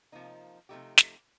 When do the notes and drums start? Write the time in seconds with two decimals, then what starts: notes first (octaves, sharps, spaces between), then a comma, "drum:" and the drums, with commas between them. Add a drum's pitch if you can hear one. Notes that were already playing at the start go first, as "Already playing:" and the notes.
0.12 C3 F3 A#3 D#4
0.69 C3 F3 A3 D#4 G4
0.98 drum: snare